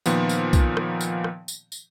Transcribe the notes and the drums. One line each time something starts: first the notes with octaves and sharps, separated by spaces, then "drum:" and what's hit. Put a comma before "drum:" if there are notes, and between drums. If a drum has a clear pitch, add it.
A#2 D#3 F3 B3, drum: tambourine
drum: tambourine
drum: kick B1, tambourine
drum: rim click
drum: tambourine
drum: rim click
drum: tambourine
drum: tambourine